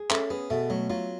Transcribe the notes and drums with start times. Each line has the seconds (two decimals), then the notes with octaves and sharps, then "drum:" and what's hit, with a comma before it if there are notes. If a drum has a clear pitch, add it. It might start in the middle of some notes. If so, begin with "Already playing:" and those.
Already playing: G#4
0.11 A3 C#4, drum: clap
0.30 B3 G#4
0.50 B2 A3
0.70 F#3 A3
0.90 F#3 F4